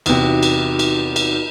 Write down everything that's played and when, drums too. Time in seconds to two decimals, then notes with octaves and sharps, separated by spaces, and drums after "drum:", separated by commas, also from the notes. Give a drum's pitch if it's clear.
0.06 E2 C3 D#4 F#4, drum: cymbal
0.43 drum: cymbal
0.79 drum: cymbal
1.16 drum: cymbal